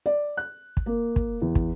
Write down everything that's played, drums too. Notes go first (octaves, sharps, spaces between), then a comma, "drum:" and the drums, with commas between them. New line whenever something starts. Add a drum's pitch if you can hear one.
D5
F#6
drum: kick
A#3
drum: kick
E2
drum: kick